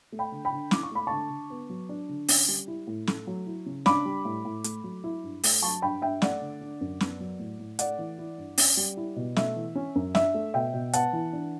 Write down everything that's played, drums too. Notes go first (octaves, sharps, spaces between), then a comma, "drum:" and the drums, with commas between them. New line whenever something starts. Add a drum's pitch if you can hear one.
A3
G5 B5
D3
G5 B5
D3
E4 D6, drum: snare
C#6
A3 B5
D3 A5 C#6
D3
B3
F#3
D4
D3
C#4, drum: open hi-hat
G3
E4
A2
A3, drum: snare
F#3
E4
C#3
D4 B5 D6, drum: snare
G3
A2
A2
A3, drum: hi-hat
F#3
E4
G2
A3, drum: open hi-hat
F#3 A5 C#6
G2 G5 B5
G2 E5 G5
A3 D5 F#5, drum: snare
D3
D4
F#2
B3, drum: snare
F#3
A2
A2
A3 D5 F#5, drum: hi-hat
E3
E4
G2
C#4, drum: open hi-hat
G3
E4
B2
A3 E5, drum: snare
E3
C#4
F#2
D4 E5, drum: snare
A3
B2 E5 G5
B2
B3 F#5 A5, drum: hi-hat
E3
D4